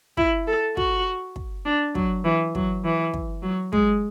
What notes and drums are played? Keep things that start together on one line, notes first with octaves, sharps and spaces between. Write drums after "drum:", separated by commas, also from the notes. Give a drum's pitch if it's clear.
E4, drum: kick
A4
F#4, drum: kick
drum: kick
D4
F#3, drum: kick
E3
F#3, drum: kick
E3
drum: kick
F#3
G#3, drum: kick